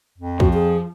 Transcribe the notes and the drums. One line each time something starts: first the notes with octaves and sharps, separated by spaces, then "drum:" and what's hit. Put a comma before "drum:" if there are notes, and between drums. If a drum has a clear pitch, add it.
F2
F3 F#4, drum: kick
G#4